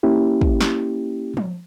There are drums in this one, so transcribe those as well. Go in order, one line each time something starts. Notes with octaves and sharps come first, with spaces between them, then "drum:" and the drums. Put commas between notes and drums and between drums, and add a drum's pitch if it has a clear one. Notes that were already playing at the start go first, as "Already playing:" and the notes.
A#3 C#4 E4 G4
drum: kick
drum: snare
drum: tom F3